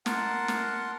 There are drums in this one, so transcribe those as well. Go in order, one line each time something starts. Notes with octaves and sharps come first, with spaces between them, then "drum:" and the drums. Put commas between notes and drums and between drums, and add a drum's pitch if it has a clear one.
A#4 F#5 A5 C6, drum: snare
drum: snare